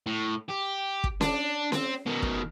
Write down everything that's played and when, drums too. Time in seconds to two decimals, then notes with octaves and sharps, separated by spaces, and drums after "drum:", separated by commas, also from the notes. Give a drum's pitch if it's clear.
0.06 A2
0.49 G4
1.04 drum: kick
1.21 D4, drum: snare C#4
1.72 C4, drum: snare C#4
2.06 B2 D#3
2.22 drum: kick